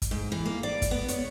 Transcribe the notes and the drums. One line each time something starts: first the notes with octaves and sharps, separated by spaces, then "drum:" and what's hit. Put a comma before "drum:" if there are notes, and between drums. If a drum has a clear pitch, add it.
drum: kick, hi-hat
G#2
E3
A#3
D5
drum: kick, hi-hat
B3
C#5, drum: hi-hat